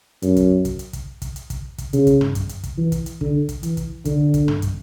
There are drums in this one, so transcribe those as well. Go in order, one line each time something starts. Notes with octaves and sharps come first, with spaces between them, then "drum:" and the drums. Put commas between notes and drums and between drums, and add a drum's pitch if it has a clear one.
F#2, drum: hi-hat
drum: kick, hi-hat
drum: kick, hi-hat
drum: hi-hat
drum: kick, hi-hat
drum: kick, hi-hat
drum: hi-hat
drum: kick, hi-hat
drum: kick, hi-hat
C#3, drum: hi-hat
drum: kick, hi-hat
drum: tom
drum: kick, hi-hat
drum: hi-hat
drum: kick, hi-hat
E3
drum: kick, hi-hat
drum: hi-hat
D3, drum: kick
drum: kick, hi-hat
E3, drum: hi-hat
drum: kick, hi-hat
D3, drum: kick, hi-hat
drum: kick, hi-hat
drum: tom
drum: kick, hi-hat